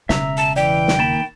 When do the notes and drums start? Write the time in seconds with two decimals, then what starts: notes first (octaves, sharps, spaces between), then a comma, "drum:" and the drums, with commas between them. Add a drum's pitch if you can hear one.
0.09 E1 C#3 E5 A#5 E6, drum: snare
0.37 A5
0.56 E3 D5 G5
0.88 drum: snare
0.99 D#3 A#3 B5 A6 E7